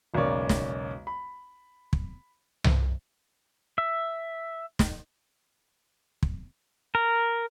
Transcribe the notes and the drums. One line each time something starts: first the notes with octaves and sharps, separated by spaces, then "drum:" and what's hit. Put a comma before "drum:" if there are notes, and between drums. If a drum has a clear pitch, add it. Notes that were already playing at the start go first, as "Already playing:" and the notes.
E1 B1 C#3 A#3 C#5 D5
drum: snare
B5
drum: kick
drum: tom C2
E5
drum: snare
drum: kick
A#4